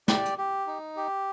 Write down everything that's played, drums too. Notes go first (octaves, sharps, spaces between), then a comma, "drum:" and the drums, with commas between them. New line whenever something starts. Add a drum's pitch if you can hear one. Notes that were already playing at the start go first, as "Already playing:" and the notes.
G4 D5, drum: snare
drum: hi-hat
G4
D#4
G4